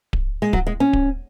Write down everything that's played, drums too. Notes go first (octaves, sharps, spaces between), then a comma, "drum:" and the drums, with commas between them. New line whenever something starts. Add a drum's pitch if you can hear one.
drum: kick D1
G#3
F#3, drum: kick D1
G#3
C#4
drum: kick D1